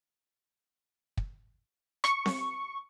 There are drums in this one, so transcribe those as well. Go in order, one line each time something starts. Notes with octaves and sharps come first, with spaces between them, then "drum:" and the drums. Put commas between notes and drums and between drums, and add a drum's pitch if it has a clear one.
drum: kick
C#6, drum: rim click
drum: snare C4